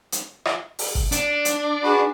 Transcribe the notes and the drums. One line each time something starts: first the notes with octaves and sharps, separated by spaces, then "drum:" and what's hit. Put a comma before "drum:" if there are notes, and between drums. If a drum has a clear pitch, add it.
drum: hi-hat
drum: rim click
drum: open hi-hat
drum: kick G1
D4, drum: hi-hat
drum: hi-hat
F#4 G#4 B4